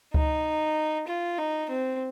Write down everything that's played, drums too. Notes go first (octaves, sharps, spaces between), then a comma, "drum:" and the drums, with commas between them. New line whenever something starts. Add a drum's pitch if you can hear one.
D#4, drum: kick C#2
F4
D#4
C4